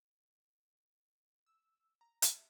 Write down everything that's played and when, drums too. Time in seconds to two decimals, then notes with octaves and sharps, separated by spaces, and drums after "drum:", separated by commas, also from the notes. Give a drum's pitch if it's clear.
1.46 E6
2.01 A#5
2.22 E5, drum: hi-hat